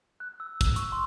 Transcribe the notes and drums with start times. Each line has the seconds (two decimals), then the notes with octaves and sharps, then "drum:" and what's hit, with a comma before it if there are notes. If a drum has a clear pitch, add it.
0.20 F#6
0.40 E6
0.61 E6, drum: kick, hi-hat
0.76 C#6, drum: hi-hat
0.92 C6